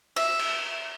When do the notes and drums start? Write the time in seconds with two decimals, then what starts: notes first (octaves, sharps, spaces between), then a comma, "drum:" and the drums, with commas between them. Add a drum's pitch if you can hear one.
0.16 E5, drum: open hi-hat
0.39 drum: cymbal